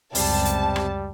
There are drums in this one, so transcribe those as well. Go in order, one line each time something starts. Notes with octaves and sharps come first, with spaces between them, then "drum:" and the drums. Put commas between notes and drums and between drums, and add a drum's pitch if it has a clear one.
C#2 F#2 C3 G3 A5, drum: open hi-hat
drum: hi-hat
drum: rim click